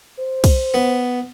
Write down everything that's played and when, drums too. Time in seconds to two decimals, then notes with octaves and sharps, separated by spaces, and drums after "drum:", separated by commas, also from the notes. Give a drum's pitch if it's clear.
0.19 C5
0.44 drum: kick, cymbal
0.74 B3